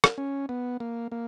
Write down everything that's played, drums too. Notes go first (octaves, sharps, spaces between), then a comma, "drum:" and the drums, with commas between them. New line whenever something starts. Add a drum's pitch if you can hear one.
drum: rim click
C#4
B3
A#3
A#3